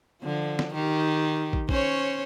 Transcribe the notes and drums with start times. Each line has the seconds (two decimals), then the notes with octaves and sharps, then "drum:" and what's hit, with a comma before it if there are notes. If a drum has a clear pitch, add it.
0.22 D3 F3
0.59 drum: snare
0.74 D#3 G4
1.53 drum: kick
1.69 C#4 C5 C#5, drum: kick